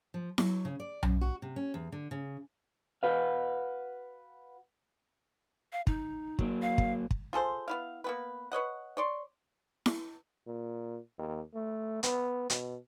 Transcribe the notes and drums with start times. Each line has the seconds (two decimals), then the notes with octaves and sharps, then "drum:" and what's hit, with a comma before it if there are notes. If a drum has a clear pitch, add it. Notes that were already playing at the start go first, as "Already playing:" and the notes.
0.14 F3
0.38 F#3, drum: snare E4
0.65 C#3
0.80 D5
1.03 F#2, drum: tom B1
1.21 F#4
1.42 C3
1.56 C#4
1.74 E2
1.92 D3
2.11 C#3
3.03 F#4 B4 F5
5.72 F5
5.87 D#4, drum: kick
6.39 F#3 A#3, drum: kick
6.62 F5
6.78 drum: kick
7.11 drum: kick
7.33 F4 G#4 A4 C5
7.68 B3 E4 F5
8.04 A#3 B3 B4
8.52 B4 C#5 D#5 F#5
8.97 C#5 D5 C6
9.86 drum: snare E4
10.47 A#2
11.18 D#2
11.54 A3
12.03 B3, drum: hi-hat
12.50 B2, drum: hi-hat